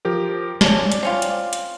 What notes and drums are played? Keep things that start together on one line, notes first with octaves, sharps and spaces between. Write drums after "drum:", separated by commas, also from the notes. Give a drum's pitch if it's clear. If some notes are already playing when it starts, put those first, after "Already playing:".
F3 G4 A#4
C#4 D4 D5, drum: snare
drum: hi-hat
C4 C#4 F4
drum: hi-hat
drum: hi-hat